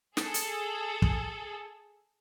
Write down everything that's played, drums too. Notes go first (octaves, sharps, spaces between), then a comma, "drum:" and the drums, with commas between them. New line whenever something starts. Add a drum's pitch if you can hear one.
G#4 A4, drum: snare
drum: hi-hat
drum: kick